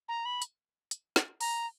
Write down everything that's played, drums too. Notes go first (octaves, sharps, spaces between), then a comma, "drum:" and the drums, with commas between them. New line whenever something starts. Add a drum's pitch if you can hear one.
A#5
B5
drum: hi-hat
drum: hi-hat
drum: snare
A#5, drum: open hi-hat